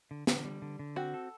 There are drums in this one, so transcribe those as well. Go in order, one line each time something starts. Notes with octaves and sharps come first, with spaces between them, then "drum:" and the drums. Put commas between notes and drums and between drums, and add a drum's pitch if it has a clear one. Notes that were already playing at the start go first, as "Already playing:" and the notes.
D3
D3, drum: snare
G3
D3
D3
C4 F#4
A4